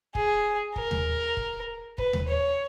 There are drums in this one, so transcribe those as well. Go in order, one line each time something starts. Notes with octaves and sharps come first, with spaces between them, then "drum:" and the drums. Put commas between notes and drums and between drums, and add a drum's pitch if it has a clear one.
G#4, drum: kick
A#4, drum: kick
drum: tom D#2
drum: kick
B4, drum: kick
drum: tom D#2
C#5